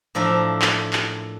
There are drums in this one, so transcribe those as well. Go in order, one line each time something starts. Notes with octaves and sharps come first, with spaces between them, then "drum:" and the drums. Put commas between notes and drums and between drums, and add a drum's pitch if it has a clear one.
A2 F3 D4 A#4 E5
drum: clap
drum: clap